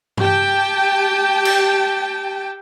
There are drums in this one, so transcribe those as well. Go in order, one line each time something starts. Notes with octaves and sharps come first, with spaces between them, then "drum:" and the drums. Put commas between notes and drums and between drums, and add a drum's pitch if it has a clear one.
G4 G5 A5, drum: tom G2
drum: cymbal